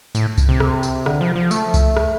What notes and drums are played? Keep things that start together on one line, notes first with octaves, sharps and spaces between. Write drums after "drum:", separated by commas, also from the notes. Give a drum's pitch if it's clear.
A2, drum: tambourine
drum: kick C2, tambourine
C3
drum: rim click
drum: tambourine
D3, drum: rim click
F3
F3
A3, drum: tambourine
drum: kick C2, tambourine
drum: rim click